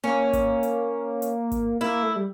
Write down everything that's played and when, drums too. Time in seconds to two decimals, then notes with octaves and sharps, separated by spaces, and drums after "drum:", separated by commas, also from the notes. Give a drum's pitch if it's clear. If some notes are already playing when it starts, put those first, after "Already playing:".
0.04 A#3 C#4
0.33 drum: kick G#1, hi-hat
0.63 drum: hi-hat
1.22 drum: hi-hat
1.52 drum: kick G#1, hi-hat
1.81 A#3 E4
2.03 A3
2.16 G3